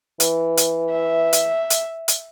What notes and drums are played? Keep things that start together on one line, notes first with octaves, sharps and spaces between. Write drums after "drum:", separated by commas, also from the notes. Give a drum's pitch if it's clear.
E3, drum: hi-hat
drum: hi-hat
E5
drum: hi-hat
drum: hi-hat
drum: hi-hat